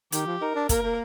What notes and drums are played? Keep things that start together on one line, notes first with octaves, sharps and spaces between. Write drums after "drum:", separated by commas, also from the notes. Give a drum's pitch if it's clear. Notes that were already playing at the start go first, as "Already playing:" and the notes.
D#3 G4, drum: hi-hat
F3
D#4 A#4
D4
A#3 A#4, drum: kick, hi-hat
A#3